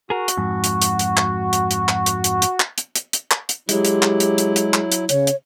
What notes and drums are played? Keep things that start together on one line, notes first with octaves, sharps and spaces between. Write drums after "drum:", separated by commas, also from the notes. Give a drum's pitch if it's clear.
F#4 G#4 A#4
drum: hi-hat
F2 G#2
drum: hi-hat
drum: hi-hat
drum: hi-hat
drum: clap
drum: hi-hat
drum: hi-hat
drum: clap
drum: hi-hat
drum: hi-hat
drum: hi-hat
drum: clap
drum: hi-hat
drum: hi-hat
drum: hi-hat
drum: clap
drum: hi-hat
F#3 G#3 E4 G4, drum: hi-hat
drum: hi-hat
drum: clap
drum: hi-hat
drum: hi-hat
drum: hi-hat
drum: clap
drum: hi-hat
C#3 C#5, drum: hi-hat
drum: hi-hat